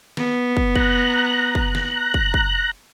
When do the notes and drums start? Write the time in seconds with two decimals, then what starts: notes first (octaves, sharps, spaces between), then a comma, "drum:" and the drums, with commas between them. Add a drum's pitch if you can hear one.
0.17 B3, drum: snare
0.57 drum: kick
0.76 A#5 F#6, drum: kick
1.55 drum: kick
1.75 drum: snare
2.14 drum: kick
2.34 drum: kick